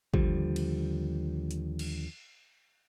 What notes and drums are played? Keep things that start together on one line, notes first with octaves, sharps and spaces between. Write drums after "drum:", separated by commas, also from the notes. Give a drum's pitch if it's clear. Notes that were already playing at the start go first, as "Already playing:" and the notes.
D#2 D3 F3 G3, drum: kick
drum: cymbal
drum: hi-hat
drum: cymbal